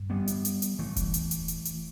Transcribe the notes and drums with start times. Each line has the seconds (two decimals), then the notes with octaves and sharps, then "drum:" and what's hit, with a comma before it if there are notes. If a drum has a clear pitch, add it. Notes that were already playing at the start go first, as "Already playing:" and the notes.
Already playing: G2
0.10 G3 B3
0.28 drum: hi-hat
0.45 drum: hi-hat
0.62 drum: hi-hat
0.79 E3 A3
0.96 drum: kick E1, hi-hat
1.14 drum: hi-hat
1.31 drum: hi-hat
1.48 drum: hi-hat
1.65 drum: hi-hat